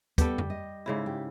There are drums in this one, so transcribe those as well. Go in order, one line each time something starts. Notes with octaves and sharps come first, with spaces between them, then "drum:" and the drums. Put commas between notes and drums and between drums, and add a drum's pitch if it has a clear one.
G3 B3 G4 A4, drum: kick, hi-hat
drum: tom
D#5
G#2 C#3 E4
G4